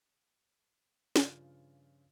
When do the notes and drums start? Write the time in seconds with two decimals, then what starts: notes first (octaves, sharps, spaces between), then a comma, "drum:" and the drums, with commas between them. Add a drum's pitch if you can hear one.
1.16 G2 C#3 F3 F4, drum: snare